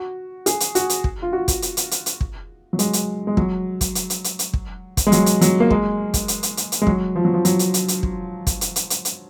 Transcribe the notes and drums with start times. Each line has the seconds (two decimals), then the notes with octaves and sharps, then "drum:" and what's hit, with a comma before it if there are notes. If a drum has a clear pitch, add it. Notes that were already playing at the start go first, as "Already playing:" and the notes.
Already playing: F#4
0.46 G#4, drum: hi-hat
0.60 drum: hi-hat
0.75 F#4, drum: hi-hat
0.90 drum: hi-hat
1.04 drum: kick
1.22 F4
1.33 F#4
1.48 drum: kick, hi-hat
1.62 drum: hi-hat
1.77 drum: hi-hat
1.91 drum: hi-hat
2.06 drum: hi-hat
2.21 drum: kick
2.73 F#3
2.79 G#3, drum: hi-hat
2.93 drum: hi-hat
3.27 G#3
3.37 F#3, drum: kick
3.81 drum: kick, hi-hat
3.95 drum: hi-hat
4.10 drum: hi-hat
4.24 drum: hi-hat
4.39 drum: hi-hat
4.53 drum: kick
4.97 drum: kick, hi-hat
5.07 G#3
5.12 F#3, drum: hi-hat
5.26 drum: hi-hat
5.41 F#3, drum: hi-hat
5.60 A#3
5.71 G#3, drum: kick
6.14 drum: kick, hi-hat
6.28 drum: hi-hat
6.43 drum: hi-hat
6.57 drum: hi-hat
6.72 drum: hi-hat
6.82 G#3
6.87 F#3, drum: kick
7.16 F3
7.25 F#3
7.34 F3
7.45 F#3, drum: hi-hat
7.59 drum: hi-hat
7.74 drum: hi-hat
7.88 drum: hi-hat
8.03 drum: kick
8.47 drum: kick, hi-hat
8.61 drum: hi-hat
8.76 drum: hi-hat
8.90 drum: hi-hat
9.05 drum: hi-hat